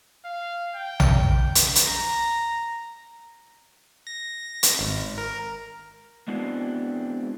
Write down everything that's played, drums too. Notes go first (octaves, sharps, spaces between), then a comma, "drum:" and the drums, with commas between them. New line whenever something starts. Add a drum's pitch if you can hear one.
F5
G5
drum: tom A#1
drum: hi-hat
A#5, drum: hi-hat
A#6
drum: hi-hat
G#1
A#4
G#3 B3 C4 D4 E4 F#4